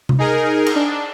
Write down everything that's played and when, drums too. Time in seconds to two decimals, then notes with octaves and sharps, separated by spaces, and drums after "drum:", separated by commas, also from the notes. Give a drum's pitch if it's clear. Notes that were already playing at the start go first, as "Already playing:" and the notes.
0.09 drum: tom C3
0.19 D#4 G#4 A#4
0.66 drum: cymbal
0.76 D4